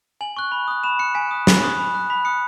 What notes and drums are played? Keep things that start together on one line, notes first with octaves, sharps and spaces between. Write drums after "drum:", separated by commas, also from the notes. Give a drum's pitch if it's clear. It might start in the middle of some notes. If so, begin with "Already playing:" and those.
G#5 F#7
C#6 F#6
B5
D#6 F#6
B5 E7
F#6 C#7
G#5 B6
D#6 F#6
B5, drum: snare
D#6 F#6
B5
F#6
B5 B6
D#6 F#6 C#7